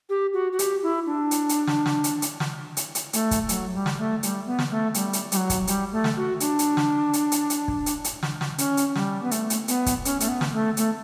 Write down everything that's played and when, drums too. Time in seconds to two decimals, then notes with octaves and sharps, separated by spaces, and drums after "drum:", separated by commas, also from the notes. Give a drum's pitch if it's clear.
0.10 G4
0.34 F#4
0.52 F#4
0.59 G4, drum: hi-hat
0.83 E4
1.06 D4
1.31 drum: hi-hat
1.49 drum: hi-hat
1.67 drum: snare
1.86 drum: snare
2.04 drum: hi-hat
2.22 drum: hi-hat
2.40 drum: snare
2.77 drum: hi-hat
2.95 drum: hi-hat
3.13 A3, drum: hi-hat
3.31 drum: kick, hi-hat
3.49 F#3, drum: hi-hat
3.74 G3
3.86 drum: snare
3.98 A3
4.23 G3, drum: hi-hat
4.46 B3
4.59 drum: snare
4.71 A3
4.94 G3, drum: hi-hat
5.13 drum: hi-hat
5.32 G3, drum: hi-hat
5.37 F#3
5.50 drum: kick, hi-hat
5.67 G3, drum: hi-hat
5.92 A3
6.04 drum: snare
6.17 F#4
6.40 D4, drum: hi-hat
6.59 drum: hi-hat
6.77 drum: snare
7.13 drum: hi-hat
7.32 drum: hi-hat
7.50 drum: hi-hat
7.68 drum: kick
7.86 drum: hi-hat
8.04 drum: hi-hat
8.23 drum: snare
8.41 drum: snare
8.58 C#4, drum: hi-hat
8.77 drum: hi-hat
8.96 G3, drum: snare
9.23 B3
9.31 A3, drum: hi-hat
9.50 drum: hi-hat
9.68 B3, drum: hi-hat
9.86 drum: kick, hi-hat
10.05 C#4, drum: hi-hat
10.20 A3, drum: hi-hat
10.29 B3
10.41 drum: snare
10.53 A3
10.77 A3, drum: hi-hat